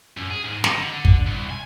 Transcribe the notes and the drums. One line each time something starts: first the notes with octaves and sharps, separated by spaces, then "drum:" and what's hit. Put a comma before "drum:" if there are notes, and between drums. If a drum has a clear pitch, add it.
F#2
G#4
G#2
D#4, drum: snare
D3
drum: kick
C2
G#5